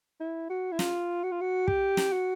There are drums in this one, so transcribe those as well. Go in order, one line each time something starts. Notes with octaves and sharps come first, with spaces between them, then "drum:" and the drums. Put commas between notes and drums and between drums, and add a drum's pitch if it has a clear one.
E4
F#4
E4
F4, drum: snare
F#4
F4
F#4
G4, drum: kick
drum: snare
F#4